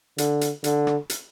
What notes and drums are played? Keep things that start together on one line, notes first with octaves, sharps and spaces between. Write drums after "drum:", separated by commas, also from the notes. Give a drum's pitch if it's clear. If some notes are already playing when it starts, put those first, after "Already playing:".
D3, drum: hi-hat
drum: hi-hat
D3, drum: hi-hat
drum: rim click
drum: hi-hat